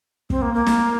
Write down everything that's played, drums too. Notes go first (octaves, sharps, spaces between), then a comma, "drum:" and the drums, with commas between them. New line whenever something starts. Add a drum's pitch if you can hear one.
C4, drum: kick
A#3
A#3
drum: snare